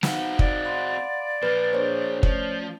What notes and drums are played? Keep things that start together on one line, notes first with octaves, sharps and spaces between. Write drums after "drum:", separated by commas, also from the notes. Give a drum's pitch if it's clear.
C4 D#4 F#4 F5, drum: snare
D5 F#5, drum: kick
F5 B5 C6
A#2 F3 B4 A6
A#3 D4 G#4 C5 C#5
F3 A3 C#4 D5, drum: kick